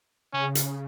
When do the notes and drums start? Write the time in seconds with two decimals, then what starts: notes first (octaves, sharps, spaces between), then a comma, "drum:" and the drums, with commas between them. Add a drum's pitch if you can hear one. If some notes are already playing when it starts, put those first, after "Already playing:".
0.33 C#3 C#4
0.55 drum: hi-hat